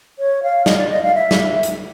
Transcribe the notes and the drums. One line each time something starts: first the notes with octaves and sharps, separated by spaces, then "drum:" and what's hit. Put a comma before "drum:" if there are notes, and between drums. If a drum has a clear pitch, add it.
C#5
F5
D#5, drum: snare
D5
D#5
F5
E5
drum: snare
drum: hi-hat